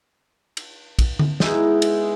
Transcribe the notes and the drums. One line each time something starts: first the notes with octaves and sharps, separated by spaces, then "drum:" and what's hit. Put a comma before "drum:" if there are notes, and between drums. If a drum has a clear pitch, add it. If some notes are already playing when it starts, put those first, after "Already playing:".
drum: cymbal
drum: kick, cymbal
drum: tom D3
G#3 B3 D#4 E4, drum: snare
drum: cymbal